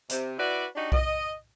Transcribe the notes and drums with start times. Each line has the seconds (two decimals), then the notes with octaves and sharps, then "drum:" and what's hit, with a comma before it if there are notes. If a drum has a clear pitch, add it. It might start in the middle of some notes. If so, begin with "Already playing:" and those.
0.09 C3, drum: hi-hat
0.39 E4 F#4 B4 D5
0.75 D4 D#4 F#4 G4
0.92 D#5, drum: kick B1